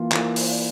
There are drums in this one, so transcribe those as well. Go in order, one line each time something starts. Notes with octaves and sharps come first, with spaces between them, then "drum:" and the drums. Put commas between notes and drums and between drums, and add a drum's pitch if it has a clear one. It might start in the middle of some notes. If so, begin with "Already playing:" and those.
Already playing: E3 A#3 F4
E3 A#3 F4, drum: clap
drum: open hi-hat